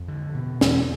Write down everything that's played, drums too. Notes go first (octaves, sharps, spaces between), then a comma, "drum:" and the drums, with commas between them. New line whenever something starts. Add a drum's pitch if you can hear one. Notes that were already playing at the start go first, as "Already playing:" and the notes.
Already playing: F2
D3
B2
E2, drum: snare